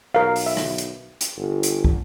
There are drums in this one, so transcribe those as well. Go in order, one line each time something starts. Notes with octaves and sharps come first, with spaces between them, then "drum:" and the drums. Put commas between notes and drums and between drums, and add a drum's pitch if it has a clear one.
B1 A#4 F5
drum: open hi-hat
E5
drum: rim click
drum: hi-hat
drum: hi-hat
G1
drum: hi-hat
drum: kick